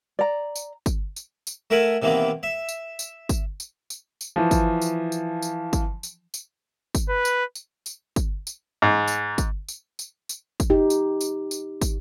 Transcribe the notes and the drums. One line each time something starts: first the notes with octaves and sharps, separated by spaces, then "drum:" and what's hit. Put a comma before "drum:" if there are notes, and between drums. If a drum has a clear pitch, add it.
D5 A#5
drum: tambourine
drum: kick, tambourine
drum: tambourine
drum: tambourine
A3 A#4 E5 F#5 G#5
C3 D#3 E3 A#3 B3
E5
drum: tambourine
drum: tambourine
drum: kick, tambourine
drum: tambourine
drum: tambourine
drum: tambourine
E3 F3
drum: kick, tambourine
drum: tambourine
drum: tambourine
drum: tambourine
drum: kick, tambourine
drum: tambourine
drum: tambourine
drum: kick, tambourine
B4
drum: tambourine
drum: tambourine
drum: tambourine
drum: kick, tambourine
drum: tambourine
G#2
drum: tambourine
drum: kick, tambourine
drum: tambourine
drum: tambourine
drum: tambourine
drum: kick, tambourine
D#4 G4
drum: tambourine
drum: tambourine
drum: tambourine
drum: kick, tambourine